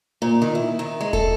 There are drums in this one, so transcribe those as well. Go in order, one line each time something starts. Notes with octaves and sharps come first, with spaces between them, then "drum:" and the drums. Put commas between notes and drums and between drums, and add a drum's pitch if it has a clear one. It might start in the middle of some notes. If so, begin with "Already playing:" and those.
A#2
D#3
E4
D#3
G#3
A4, drum: kick D#1